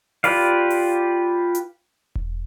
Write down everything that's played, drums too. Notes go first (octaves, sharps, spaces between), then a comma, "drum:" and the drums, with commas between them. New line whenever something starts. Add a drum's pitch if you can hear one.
F4 G4 B4 D5 F5, drum: open hi-hat
drum: open hi-hat
drum: hi-hat
drum: kick E1